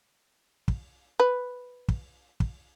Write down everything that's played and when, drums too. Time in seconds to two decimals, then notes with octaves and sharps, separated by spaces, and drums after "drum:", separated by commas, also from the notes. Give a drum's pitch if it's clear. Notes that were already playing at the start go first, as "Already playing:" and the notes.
0.68 drum: kick
1.20 B4
1.88 drum: kick
2.40 drum: kick